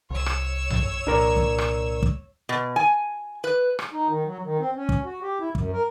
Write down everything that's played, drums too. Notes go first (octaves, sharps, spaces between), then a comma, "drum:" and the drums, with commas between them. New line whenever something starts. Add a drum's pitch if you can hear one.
C2 C#5 E6
drum: rim click
drum: tom B1
C2 A#2 D4 A#4 D5
drum: kick
drum: rim click
drum: kick
B2
G#5
B4
drum: rim click
D#4
D#3
F#3
D#3
C4
C#4
drum: kick
F#4
G4
E4
F#2, drum: kick
A#4